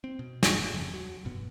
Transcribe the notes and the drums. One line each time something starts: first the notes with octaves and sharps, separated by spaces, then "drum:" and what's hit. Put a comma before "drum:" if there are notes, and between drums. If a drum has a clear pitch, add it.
C4
B2
drum: snare
G#1 G#2
E1 F2 C#3
F#3
F1 G2 B2 B3